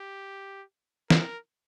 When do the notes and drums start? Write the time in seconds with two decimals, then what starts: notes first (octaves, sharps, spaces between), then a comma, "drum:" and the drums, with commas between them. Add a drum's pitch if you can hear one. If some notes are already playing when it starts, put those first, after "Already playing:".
Already playing: G4
1.10 A#4, drum: snare